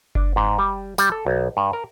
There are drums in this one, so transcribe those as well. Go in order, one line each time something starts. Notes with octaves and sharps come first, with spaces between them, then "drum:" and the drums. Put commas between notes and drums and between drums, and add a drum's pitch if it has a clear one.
D4, drum: kick F#1
G#2
G3
G3, drum: tambourine
A4
B1
G2
A#4